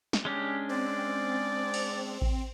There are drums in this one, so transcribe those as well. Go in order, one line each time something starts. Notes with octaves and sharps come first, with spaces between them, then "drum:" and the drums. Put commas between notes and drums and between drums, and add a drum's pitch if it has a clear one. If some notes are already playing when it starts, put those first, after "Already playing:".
drum: snare
G#3 C#4 D4 G4
C4 D5
drum: cymbal
drum: kick A1